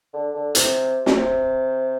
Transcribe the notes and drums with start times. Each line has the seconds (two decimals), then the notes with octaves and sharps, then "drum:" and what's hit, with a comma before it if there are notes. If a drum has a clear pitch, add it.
0.13 D3
0.34 D3
0.55 C3, drum: hi-hat
1.06 drum: snare
1.16 C3